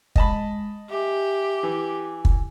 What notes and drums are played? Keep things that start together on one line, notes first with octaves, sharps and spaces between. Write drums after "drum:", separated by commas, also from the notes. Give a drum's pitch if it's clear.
G#3 D#5 A5 B5, drum: kick
G4 E5 G#5
E3 G#5
drum: kick